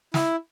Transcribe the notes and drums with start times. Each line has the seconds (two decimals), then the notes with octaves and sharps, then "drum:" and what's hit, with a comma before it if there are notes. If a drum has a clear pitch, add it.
0.14 E4, drum: snare